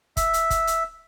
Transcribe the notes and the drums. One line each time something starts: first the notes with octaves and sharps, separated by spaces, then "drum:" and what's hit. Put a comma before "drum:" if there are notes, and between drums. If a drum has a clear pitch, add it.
E5, drum: kick, hi-hat
drum: hi-hat
drum: kick, hi-hat
drum: hi-hat